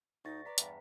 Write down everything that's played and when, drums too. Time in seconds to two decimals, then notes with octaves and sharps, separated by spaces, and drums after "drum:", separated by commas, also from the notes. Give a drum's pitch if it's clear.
0.25 D2 D#4 C#6 A6 A#6
0.46 B4 D5 A#5 B6
0.58 E2 G2, drum: hi-hat